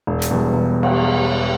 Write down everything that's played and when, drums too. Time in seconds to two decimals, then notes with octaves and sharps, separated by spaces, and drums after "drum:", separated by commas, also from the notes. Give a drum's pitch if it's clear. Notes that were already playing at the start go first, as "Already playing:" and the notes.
0.07 E1
0.22 drum: hi-hat
0.31 E2 B2 G3
0.54 E1
0.83 drum: cymbal